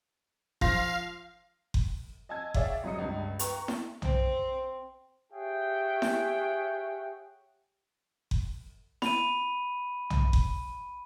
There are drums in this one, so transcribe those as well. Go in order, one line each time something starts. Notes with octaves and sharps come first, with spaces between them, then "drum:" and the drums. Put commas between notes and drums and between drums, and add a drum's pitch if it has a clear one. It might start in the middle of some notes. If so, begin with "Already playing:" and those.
F3 F5 C6 A#6, drum: kick F#1
drum: kick F#1
D#5 G#5 A5 E6 G#6
G#4 C#5 D5 E5 F5 G5, drum: kick F#1
C2 F#3 D#5 A#5 D#6 C#7
C#2 G2
B4 G5 A#5 C#6, drum: hi-hat
drum: snare E4
C4 C5, drum: tom B1
G4 G#4 C#5 E5 F#5 G5
drum: snare E4
drum: kick F#1
B5 D#7, drum: snare E4
drum: tom B1
drum: kick F#1